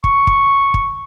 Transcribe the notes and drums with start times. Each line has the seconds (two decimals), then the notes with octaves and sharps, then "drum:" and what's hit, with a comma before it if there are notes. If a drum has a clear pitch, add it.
0.04 C#6, drum: kick
0.27 drum: kick
0.74 drum: kick